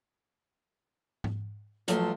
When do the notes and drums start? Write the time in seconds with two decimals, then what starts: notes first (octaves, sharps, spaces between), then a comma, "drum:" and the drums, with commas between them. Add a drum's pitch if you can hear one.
1.24 drum: tom G#2
1.88 A1 F3 F#3 A3 C6, drum: hi-hat